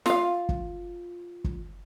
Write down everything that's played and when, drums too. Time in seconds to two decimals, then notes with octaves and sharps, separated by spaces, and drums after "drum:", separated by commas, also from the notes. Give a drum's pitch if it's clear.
0.06 F4 F5, drum: snare
0.49 drum: kick
1.44 drum: kick